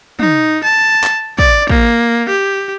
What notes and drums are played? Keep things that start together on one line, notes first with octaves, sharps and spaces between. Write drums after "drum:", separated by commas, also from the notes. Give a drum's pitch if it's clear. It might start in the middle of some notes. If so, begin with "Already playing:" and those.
D#4, drum: tom
A5
drum: clap
D5, drum: kick
A#3, drum: kick
G4